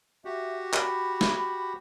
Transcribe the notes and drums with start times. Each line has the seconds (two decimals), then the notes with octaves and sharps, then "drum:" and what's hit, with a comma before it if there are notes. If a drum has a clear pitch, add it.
0.25 F#4 G4 E5
0.74 B5, drum: clap
1.21 drum: snare